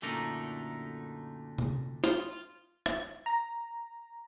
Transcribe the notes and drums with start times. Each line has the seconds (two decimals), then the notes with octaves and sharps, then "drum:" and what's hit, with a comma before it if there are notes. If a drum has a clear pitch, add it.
0.02 F#2 A#2 D3 A3 D#4 A#4, drum: tambourine
1.58 drum: tom C3
2.04 F4, drum: snare
2.86 drum: rim click
3.26 A#5